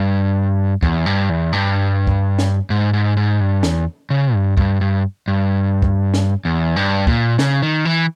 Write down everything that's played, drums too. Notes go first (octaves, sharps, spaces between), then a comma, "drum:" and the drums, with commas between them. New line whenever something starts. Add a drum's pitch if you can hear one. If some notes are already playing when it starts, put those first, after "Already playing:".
Already playing: G2
E2, drum: kick
G2
E2
G2
drum: kick
drum: snare
G#2
G#2
G#2
G2
E2, drum: snare
C#3
G2
G2, drum: kick
G2
G2
drum: kick
drum: snare
E2
G2
A#2, drum: kick
C#3, drum: snare
D#3
E3